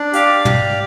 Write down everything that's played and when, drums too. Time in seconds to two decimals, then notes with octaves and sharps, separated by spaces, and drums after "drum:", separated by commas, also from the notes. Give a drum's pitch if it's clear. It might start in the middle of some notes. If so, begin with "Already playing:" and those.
Already playing: D4
0.13 G4 D5 F5, drum: hi-hat
0.45 G4, drum: tom